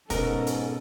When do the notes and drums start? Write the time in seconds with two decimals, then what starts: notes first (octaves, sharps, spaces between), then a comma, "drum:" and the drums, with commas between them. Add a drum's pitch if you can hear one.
0.10 G#2 B2 B3 C#4 A4 A#4, drum: kick, hi-hat
0.47 drum: hi-hat